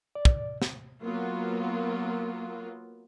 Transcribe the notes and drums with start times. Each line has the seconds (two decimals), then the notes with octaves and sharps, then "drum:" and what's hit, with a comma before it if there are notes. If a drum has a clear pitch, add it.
0.15 D5
0.25 drum: kick
0.62 drum: snare
1.02 F#3 A#3 B3 F4